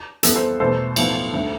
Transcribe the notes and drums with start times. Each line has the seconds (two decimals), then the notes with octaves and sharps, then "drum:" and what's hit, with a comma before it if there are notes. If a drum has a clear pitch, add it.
0.23 F2 E3 B3 A4, drum: hi-hat
0.35 A4 C5
0.60 E2 B2 A3 A4 C5
0.96 B1 A2 F3 B3, drum: cymbal
1.33 D2 D3 A3